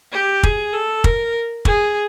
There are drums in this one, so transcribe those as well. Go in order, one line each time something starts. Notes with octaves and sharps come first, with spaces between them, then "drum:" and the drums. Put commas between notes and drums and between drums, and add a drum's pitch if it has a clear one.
G4
G#4, drum: kick
A4
A#4, drum: kick
G#4, drum: kick